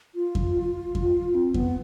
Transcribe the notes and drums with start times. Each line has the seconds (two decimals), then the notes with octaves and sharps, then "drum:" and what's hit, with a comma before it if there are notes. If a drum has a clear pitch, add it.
0.15 F4
0.35 drum: kick F2
0.95 drum: kick F2
1.35 C4
1.54 B3, drum: kick F2